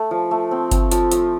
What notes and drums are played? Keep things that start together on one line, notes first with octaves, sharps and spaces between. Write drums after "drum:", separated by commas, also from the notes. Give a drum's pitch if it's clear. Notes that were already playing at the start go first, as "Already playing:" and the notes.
Already playing: A3
F3
A3
C4
C4, drum: kick G1, hi-hat
F3, drum: hi-hat
F3, drum: hi-hat